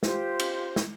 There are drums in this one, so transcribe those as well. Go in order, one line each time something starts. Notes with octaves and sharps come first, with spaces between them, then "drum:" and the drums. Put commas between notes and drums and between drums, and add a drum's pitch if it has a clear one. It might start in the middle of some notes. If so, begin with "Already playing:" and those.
F4 G4 C5, drum: snare
drum: cymbal
drum: snare